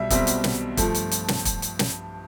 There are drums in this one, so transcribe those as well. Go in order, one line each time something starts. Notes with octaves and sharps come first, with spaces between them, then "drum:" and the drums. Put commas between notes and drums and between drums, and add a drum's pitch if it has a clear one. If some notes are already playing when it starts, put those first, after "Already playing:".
Already playing: B1 B2 G3 E5
B1 B2 G3 C4 E5, drum: kick, hi-hat
drum: hi-hat
drum: snare
G2 F3 A3, drum: kick, hi-hat
drum: hi-hat
drum: hi-hat
drum: snare
drum: kick, hi-hat
drum: hi-hat
drum: snare